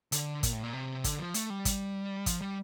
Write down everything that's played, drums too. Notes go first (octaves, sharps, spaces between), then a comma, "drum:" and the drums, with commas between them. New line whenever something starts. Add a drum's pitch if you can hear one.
D3, drum: hi-hat
A#2, drum: kick, hi-hat
A2
A#2
C3
D3, drum: kick, hi-hat
F3
A3, drum: hi-hat
G3
drum: kick, hi-hat
F3, drum: kick, hi-hat
G3